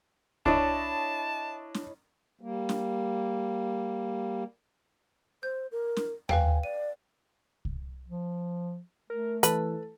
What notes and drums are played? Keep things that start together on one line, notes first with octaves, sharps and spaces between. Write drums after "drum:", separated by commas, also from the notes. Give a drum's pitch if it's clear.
D4 E4 C#5 D#5 A5, drum: kick C2
drum: snare
G3 A#3
drum: snare
C5 G6
A#4
drum: snare
B4 F5 G5 G#5, drum: tom D#2
D5 D#7
drum: kick C2
F3
A3 A#4
E3 A4 B4 A5, drum: hi-hat